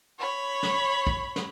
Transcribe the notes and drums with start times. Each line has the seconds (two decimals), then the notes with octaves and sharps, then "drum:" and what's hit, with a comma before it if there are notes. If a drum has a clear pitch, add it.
0.19 C#5 B5
0.63 drum: snare
1.07 drum: kick
1.36 drum: snare